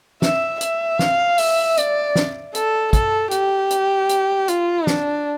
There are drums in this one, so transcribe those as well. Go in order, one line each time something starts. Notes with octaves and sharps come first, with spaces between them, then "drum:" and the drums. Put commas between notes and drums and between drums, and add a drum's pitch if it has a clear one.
E5, drum: snare
E5, drum: hi-hat
F5, drum: snare
E5, drum: open hi-hat
D5, drum: hi-hat
drum: snare
A4, drum: hi-hat
A4, drum: kick, hi-hat
G4, drum: hi-hat
drum: hi-hat
drum: hi-hat
F4, drum: hi-hat
D4, drum: snare